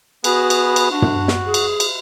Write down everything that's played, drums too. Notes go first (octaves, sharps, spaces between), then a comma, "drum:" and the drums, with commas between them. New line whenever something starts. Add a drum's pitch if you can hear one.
B3 F#4 G#4 B4, drum: cymbal
drum: cymbal
drum: cymbal
D4 F#4
drum: tom
drum: snare
G#4
drum: cymbal
drum: cymbal